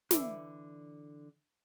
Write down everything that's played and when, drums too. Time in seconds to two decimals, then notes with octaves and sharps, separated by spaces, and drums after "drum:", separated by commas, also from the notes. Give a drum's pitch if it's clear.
0.11 D3 E3 D5 E5, drum: snare